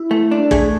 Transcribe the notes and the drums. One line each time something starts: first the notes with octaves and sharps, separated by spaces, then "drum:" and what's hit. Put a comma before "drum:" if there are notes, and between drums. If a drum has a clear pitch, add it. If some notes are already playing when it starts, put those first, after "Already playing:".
Already playing: E4
A3
D4
A3 G#4, drum: kick